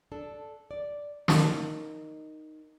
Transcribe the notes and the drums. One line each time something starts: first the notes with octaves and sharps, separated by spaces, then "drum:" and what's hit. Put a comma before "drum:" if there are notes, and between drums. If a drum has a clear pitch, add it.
D4 A4
D5
D#4 A#4 D#5, drum: snare